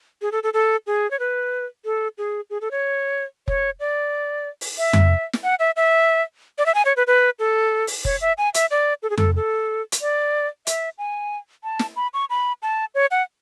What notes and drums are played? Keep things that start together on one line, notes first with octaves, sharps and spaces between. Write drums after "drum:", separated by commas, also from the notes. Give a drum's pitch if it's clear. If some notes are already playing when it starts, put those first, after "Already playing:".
G#4
A4
A4
A4
G#4
C#5
B4
A4
G#4
G#4
A4
C#5
C#5, drum: kick F1
D5
drum: open hi-hat
E5
drum: tom F2
drum: snare
F#5
E5
E5
D5
E5
G#5
C#5
B4
B4
A4
drum: open hi-hat
C#5, drum: kick F1
E5
G#5
E5, drum: hi-hat
D5
A4
G#4
A4, drum: tom F2
A4
drum: hi-hat
D5
E5, drum: hi-hat
G#5
A5
drum: snare
B5
C#6
B5
A5
C#5
F#5